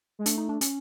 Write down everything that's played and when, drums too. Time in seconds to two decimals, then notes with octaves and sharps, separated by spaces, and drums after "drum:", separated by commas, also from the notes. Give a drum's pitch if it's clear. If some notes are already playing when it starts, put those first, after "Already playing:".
0.19 G#3
0.26 A3 D4, drum: hi-hat
0.38 D#4
0.49 D4
0.61 C#4, drum: hi-hat